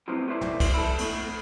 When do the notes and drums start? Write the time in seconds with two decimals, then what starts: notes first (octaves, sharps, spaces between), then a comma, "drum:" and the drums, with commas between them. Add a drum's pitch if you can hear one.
0.08 F#2 A2 C3 E3 F3
0.28 A3 B3 E4 C5 D5
0.41 drum: tom
0.60 drum: kick, cymbal
0.74 E4 A4
0.99 E2 A3, drum: cymbal